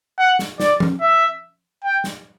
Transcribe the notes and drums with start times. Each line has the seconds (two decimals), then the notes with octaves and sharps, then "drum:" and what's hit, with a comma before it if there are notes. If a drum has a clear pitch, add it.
0.19 F#5
0.39 drum: snare
0.60 D5, drum: snare
0.80 drum: tom F3
1.01 E5
1.84 G5
2.04 drum: snare